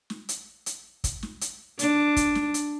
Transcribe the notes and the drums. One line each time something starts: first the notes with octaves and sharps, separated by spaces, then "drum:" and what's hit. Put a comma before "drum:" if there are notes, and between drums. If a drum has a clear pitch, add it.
drum: snare
drum: hi-hat
drum: hi-hat
drum: kick, hi-hat
drum: snare
drum: hi-hat
D4, drum: hi-hat
drum: kick, hi-hat
drum: snare
drum: hi-hat